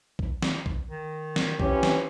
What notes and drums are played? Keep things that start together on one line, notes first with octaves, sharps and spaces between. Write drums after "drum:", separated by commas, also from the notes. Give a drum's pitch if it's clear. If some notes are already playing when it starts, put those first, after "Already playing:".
drum: kick
drum: snare
drum: kick
D#3
drum: snare
E3 F3 C#4 G4, drum: kick
drum: snare